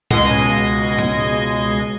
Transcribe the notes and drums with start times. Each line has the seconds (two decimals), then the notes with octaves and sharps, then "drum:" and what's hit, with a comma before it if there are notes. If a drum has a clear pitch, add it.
0.11 C#2 B2 G#3 D#5 G#6 C7, drum: tom A2
0.99 drum: tom